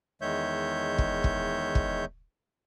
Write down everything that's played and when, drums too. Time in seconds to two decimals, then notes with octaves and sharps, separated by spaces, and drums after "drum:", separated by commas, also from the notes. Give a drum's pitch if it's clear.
0.22 E2 D#3 G#3 C#5 E5 G6
0.98 drum: kick
1.24 drum: kick
1.75 drum: kick